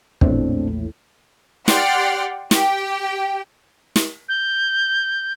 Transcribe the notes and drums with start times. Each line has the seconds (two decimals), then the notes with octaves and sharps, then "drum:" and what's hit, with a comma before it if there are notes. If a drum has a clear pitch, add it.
0.21 A#1 E2 A2 C4 D4, drum: kick
1.68 G4 D5 F#5 G5 C6 F6, drum: snare
2.51 G4 G5, drum: snare
3.96 drum: snare
4.28 G6